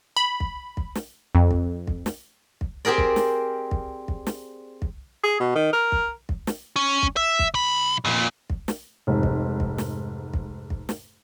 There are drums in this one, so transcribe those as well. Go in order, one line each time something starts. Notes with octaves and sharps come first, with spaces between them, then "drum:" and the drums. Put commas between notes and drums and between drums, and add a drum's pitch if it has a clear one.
B5
drum: kick
drum: kick
drum: snare
F2
drum: kick
drum: kick
drum: snare
drum: kick
C4 G4 G#4 A#4 D5
drum: kick
drum: snare
drum: kick
drum: kick
drum: snare
drum: kick
G#4
B2
D#3
A#4
drum: kick
drum: kick
drum: snare
C#4
drum: kick
E5
drum: kick
B1 B5
F2 A#2
drum: kick
drum: snare
F1 G#2
drum: kick
drum: kick
drum: snare
drum: kick
drum: kick
drum: snare